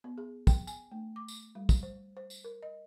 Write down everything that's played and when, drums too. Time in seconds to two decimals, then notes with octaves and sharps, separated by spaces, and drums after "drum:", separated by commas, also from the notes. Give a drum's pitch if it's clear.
0.04 B3
0.18 G#4
0.47 G5, drum: kick, tambourine
0.67 G#5, drum: tambourine
0.92 A3
1.16 D6
1.28 drum: tambourine
1.55 G3
1.69 drum: kick, tambourine
1.83 C5
2.17 C5
2.30 drum: tambourine
2.44 A#4
2.63 D#5